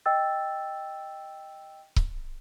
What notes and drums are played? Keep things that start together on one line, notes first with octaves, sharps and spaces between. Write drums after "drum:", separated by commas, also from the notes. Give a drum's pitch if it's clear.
D#5 G5 E6 A6
drum: kick C#1